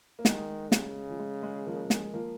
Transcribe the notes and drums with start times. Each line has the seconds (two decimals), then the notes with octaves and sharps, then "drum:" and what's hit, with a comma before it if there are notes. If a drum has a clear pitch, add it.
0.19 A#3
0.25 D#3 G#3, drum: snare
0.72 C#3, drum: snare
1.09 F3
1.19 G#3
1.43 G#3
1.66 F3 A#3
1.90 G#3, drum: snare
2.14 F3 A#3